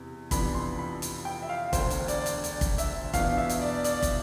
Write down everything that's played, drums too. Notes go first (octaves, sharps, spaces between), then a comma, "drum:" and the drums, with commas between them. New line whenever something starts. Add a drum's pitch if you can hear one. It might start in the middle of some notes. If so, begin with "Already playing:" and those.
Already playing: E2 C3
F2 C3 E3 B3 D4 B5, drum: kick, hi-hat
C6
B5
drum: hi-hat
G5
E5
F5
E1 D2 D3 C5, drum: kick, hi-hat
drum: hi-hat
D5, drum: hi-hat
drum: hi-hat
D5, drum: hi-hat
drum: kick, hi-hat
E5, drum: hi-hat
E2 B2 B3 D4 F5, drum: kick, hi-hat
E5
drum: hi-hat
D5
D5, drum: hi-hat
drum: kick, hi-hat